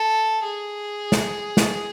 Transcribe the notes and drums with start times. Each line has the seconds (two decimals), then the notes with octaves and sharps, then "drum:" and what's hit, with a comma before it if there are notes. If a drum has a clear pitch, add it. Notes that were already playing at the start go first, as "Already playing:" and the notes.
Already playing: A4
0.44 G#4
1.12 drum: snare
1.57 drum: snare